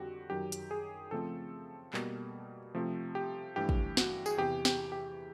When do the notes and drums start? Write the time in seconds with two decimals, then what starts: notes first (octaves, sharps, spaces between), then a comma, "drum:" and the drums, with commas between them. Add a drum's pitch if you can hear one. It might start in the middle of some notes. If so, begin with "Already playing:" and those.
Already playing: F2 D3 G3 C4 F#4 G4
0.30 F#2 D#3 F#3 G4
0.52 drum: hi-hat
0.71 G#4
1.11 C#3 F3 A3 C4 A4
1.93 B2 G3 A#3, drum: clap
2.75 C3 F3 A3 C4
3.15 G4
3.56 G2 E3 A3 G4
3.69 drum: kick
3.97 F#4, drum: snare
4.26 G#4, drum: tambourine
4.37 E2 C3 E3 G4
4.65 G4, drum: snare
4.92 G4